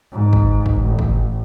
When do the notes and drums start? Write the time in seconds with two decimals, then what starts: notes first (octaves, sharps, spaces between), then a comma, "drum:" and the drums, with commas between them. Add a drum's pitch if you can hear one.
0.12 G#2
0.33 drum: kick
0.66 drum: kick
0.82 A1
0.99 drum: kick